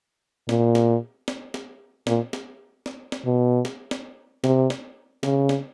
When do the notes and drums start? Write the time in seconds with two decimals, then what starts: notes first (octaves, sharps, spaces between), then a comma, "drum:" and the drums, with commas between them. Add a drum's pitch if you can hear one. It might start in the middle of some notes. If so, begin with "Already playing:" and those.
0.49 A#2, drum: snare
0.75 drum: snare
1.28 drum: snare
1.54 drum: snare
2.07 A#2, drum: snare
2.33 drum: snare
2.86 drum: snare
3.12 drum: snare
3.25 B2
3.65 drum: snare
3.91 drum: snare
4.44 C3, drum: snare
4.70 drum: snare
5.23 C#3, drum: snare
5.49 drum: snare